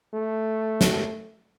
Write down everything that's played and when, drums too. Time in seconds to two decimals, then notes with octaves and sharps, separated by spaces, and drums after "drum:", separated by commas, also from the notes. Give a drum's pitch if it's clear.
0.14 A3
0.81 drum: snare